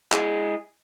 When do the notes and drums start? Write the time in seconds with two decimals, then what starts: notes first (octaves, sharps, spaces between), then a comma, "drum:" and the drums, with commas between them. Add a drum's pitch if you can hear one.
0.12 G#3 E4 G#4, drum: clap